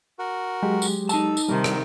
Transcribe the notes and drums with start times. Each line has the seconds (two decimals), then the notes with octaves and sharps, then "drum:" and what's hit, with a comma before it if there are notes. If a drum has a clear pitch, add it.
0.19 F#4 A#4
0.63 F#3 G#3 G4
0.82 drum: tambourine
1.09 D#4 A4 A5, drum: tambourine
1.37 drum: tambourine
1.49 C3 D#3 G3 A#4
1.64 drum: rim click